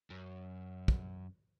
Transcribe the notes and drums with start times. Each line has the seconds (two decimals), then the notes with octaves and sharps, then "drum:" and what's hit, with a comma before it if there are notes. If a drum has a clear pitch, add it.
0.10 F#2
0.88 drum: kick